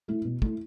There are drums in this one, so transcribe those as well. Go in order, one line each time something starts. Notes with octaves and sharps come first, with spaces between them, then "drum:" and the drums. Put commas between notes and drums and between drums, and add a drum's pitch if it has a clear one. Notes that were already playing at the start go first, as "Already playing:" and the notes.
A3 E4
B2
A3 E4, drum: kick